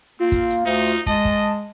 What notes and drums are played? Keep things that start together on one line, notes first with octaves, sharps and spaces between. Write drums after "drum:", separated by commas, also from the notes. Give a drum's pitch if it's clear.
A#3 C4 F4
drum: kick, hi-hat
drum: hi-hat
D2 D#4
drum: hi-hat
G#3 D#5 A5, drum: kick, hi-hat
drum: kick